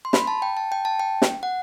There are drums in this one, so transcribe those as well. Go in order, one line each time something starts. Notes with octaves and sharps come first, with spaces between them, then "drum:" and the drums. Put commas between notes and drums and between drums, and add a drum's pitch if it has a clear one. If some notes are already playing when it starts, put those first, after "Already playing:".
C6
B5, drum: snare
A5
G5
A5
G5
A5
G5
drum: snare
F#5